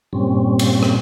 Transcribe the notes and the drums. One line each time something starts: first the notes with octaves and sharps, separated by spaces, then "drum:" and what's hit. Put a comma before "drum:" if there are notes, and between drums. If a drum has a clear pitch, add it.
G2 A#2 G3 C4 C#4
drum: cymbal
drum: rim click